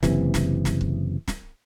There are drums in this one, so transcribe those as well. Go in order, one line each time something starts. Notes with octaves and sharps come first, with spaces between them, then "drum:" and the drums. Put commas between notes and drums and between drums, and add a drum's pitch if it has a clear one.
F#1 C3 E3, drum: snare
drum: snare
drum: snare
drum: kick C#1
drum: snare